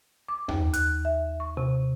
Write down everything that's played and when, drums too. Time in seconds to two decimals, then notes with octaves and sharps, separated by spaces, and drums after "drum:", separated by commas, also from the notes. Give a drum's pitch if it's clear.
0.28 D6
0.48 D#2, drum: tom E2
0.74 F#6, drum: hi-hat
1.05 E5
1.40 C#6
1.57 C3